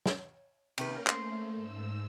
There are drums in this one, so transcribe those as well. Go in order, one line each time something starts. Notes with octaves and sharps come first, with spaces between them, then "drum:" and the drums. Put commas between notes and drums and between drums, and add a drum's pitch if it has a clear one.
drum: snare
C3 D#3 A#3 C#4 A#4 B4, drum: cymbal
A3 C5, drum: clap
G#2 E6